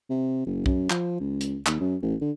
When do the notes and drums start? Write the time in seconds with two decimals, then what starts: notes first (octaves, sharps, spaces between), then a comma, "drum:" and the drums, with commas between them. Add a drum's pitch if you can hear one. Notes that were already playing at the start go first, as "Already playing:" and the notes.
0.10 C3
0.46 F#1
0.66 F#2, drum: kick
0.90 F3, drum: clap
1.20 C#2
1.41 drum: hi-hat
1.66 D#2, drum: clap
1.80 F#2
2.03 A1
2.21 D3